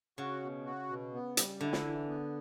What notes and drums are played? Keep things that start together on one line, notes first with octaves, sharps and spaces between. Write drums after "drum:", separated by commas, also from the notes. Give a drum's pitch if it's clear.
C#3 F#4
B2
F#4
B2
B3
G3, drum: hi-hat
D3 E4
drum: snare
E3
B3